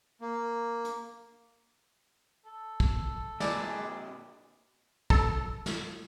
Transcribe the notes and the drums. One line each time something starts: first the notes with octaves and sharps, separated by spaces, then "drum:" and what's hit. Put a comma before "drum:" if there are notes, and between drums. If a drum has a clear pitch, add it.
A#3
drum: hi-hat
A4
drum: kick
A#2 D3 G#3 G#4 B4 D5, drum: snare
A4, drum: kick
drum: snare